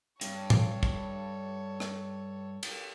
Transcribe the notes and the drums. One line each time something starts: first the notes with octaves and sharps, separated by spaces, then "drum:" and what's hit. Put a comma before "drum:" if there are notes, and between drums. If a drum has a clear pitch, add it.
G2 A4 C#5, drum: hi-hat
drum: tom
drum: kick
drum: rim click
drum: cymbal